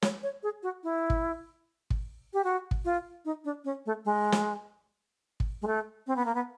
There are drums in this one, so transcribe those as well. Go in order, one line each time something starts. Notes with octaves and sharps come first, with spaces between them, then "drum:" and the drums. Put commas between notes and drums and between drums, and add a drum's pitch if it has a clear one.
C#5, drum: snare
C#5
G#4
F#4
E4
drum: kick
drum: kick
G4
F#4
drum: kick
F4
D#4
D4
C#4
A3
G#3
drum: snare
drum: kick
G#3
A3
C4
B3
A#3
B3